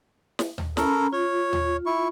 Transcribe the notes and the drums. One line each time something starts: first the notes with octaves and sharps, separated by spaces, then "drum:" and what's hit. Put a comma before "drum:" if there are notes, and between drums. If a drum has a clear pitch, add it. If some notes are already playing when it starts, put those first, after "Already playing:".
drum: snare
drum: tom D#2
C#4 A4 A#4 A#5 B5, drum: snare
F4 C#5
drum: tom D#2
E4 C#6